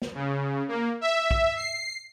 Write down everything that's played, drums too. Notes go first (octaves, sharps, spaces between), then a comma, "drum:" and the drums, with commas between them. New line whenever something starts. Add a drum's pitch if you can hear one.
drum: snare
C#3
A#3
E5
drum: kick
C7